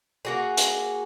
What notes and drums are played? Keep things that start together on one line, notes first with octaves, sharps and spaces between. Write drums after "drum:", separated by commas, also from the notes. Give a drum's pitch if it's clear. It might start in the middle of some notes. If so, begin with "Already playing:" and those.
A#3 F#4 G#4
drum: hi-hat